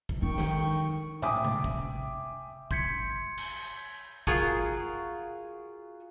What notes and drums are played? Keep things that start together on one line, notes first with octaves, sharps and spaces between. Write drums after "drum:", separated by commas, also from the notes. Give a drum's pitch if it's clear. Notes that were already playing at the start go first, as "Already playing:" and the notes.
drum: kick
D#3 D#4 G5 C#6
drum: snare
drum: tambourine
E5 G5 G#5 D6 D#6, drum: tom
drum: tom C3
drum: kick
C6 G6 G#6 B6 C#7, drum: kick
drum: cymbal
F4 F#4 G#4 A#4, drum: kick